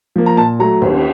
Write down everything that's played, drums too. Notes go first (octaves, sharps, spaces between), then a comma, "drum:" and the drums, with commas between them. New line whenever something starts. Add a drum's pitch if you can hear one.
F3 A#3
A#5
A#2 A5
F#3 A3 A#5
D#2, drum: cymbal